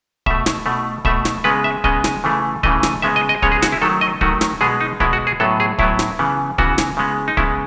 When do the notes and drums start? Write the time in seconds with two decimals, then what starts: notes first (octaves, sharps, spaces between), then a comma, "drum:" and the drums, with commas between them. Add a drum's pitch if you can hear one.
0.26 B2 A3 E5, drum: kick
0.46 drum: snare
0.66 B2 A3
1.05 B2 A3 E5, drum: kick
1.25 drum: snare
1.44 C#3 G#3 B3 B4
1.64 E5
1.84 C#3 G#3 B3 D#5, drum: kick
2.04 drum: snare
2.24 C#3 E3 A3
2.63 C#3 E3 A3 D#5, drum: kick
2.83 drum: snare
3.02 C#3 G#3 B3 E5
3.16 D#5
3.29 D#5
3.42 C#3 G#3 B3 C#5, drum: kick
3.52 G#4
3.62 F#4, drum: snare
3.72 E4
3.82 D#3 F#3 A3 A4
4.01 D#5
4.21 D#3 F#3 A3 F#4, drum: kick
4.41 drum: snare
4.61 B2 G#3 B3 G#4
4.81 D#4
5.00 B2 G#3 B3 E4, drum: kick
5.13 F#4
5.27 G#4
5.40 A2 F#3 B3 A4
5.60 G#4
5.79 A2 F#3 B3 E4, drum: kick
5.99 drum: snare
6.19 C#3 E3 B3
6.58 C#3 E3 B3 F#4, drum: kick
6.78 drum: snare
6.97 C#3 G#3 B3
7.28 D#4
7.37 C#3 G#3 B3 E4, drum: kick